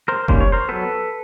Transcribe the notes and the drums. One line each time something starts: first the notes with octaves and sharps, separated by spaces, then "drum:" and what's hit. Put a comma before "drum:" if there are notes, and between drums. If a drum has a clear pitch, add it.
A#4 C5
D#3 G3 A#3 C#4 C5, drum: kick F#1
C#5
A#4 C5
F#3 B3 A4 B4